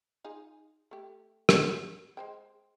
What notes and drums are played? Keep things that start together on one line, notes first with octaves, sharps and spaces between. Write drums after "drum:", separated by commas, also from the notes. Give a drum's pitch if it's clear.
D#4 F4 G#4
A3 G4
drum: rim click
G#3 C5 G5